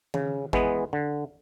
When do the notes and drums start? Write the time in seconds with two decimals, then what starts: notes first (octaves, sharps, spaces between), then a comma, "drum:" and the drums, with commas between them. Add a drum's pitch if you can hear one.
0.14 C#3, drum: tom D#3
0.53 E3 G#3 B3, drum: kick G#1
0.93 D3